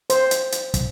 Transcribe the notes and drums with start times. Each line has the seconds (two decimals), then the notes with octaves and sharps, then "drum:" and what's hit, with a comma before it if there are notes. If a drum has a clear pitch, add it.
0.10 C5, drum: hi-hat
0.31 drum: hi-hat
0.52 drum: hi-hat
0.74 drum: kick, hi-hat